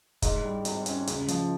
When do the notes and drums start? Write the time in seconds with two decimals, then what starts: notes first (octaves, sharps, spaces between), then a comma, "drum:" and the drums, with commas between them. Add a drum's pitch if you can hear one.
0.22 G#2, drum: kick, hi-hat
0.44 G3
0.65 G#1, drum: hi-hat
0.86 C#4, drum: hi-hat
1.07 C#3, drum: hi-hat
1.28 F3, drum: hi-hat